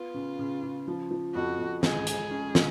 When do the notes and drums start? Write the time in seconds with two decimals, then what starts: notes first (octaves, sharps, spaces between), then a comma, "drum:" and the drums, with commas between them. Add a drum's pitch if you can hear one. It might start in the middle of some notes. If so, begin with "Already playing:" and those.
Already playing: B3 F4
0.14 C#3
0.39 C#3
0.63 C#3
0.88 F3
1.11 F3
1.34 F2 F#4
1.59 F2
1.83 G#3 G#4, drum: snare
2.07 G#3, drum: hi-hat
2.31 C#4
2.55 G#3, drum: snare